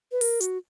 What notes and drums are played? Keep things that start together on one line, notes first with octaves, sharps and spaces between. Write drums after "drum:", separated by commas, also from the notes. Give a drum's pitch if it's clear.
B4
A#4, drum: open hi-hat
F#4, drum: hi-hat